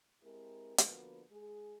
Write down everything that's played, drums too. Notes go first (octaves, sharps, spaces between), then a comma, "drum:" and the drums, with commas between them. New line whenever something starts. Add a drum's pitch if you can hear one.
G#3 C4 E4 G4 A#4
D3 F3 A#3 B3 F#4 B4, drum: hi-hat
G#3 G#4